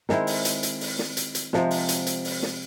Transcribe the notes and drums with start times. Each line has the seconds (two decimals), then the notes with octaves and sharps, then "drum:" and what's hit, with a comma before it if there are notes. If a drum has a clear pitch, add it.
0.09 D#3 G#3 C4 E4, drum: snare
0.27 drum: open hi-hat
0.45 drum: hi-hat
0.63 drum: hi-hat
0.81 drum: open hi-hat
0.99 drum: snare
1.17 drum: hi-hat
1.35 drum: hi-hat
1.53 C3 F3 G#3, drum: snare
1.71 drum: open hi-hat
1.89 drum: hi-hat
2.07 drum: hi-hat
2.24 drum: open hi-hat
2.42 drum: snare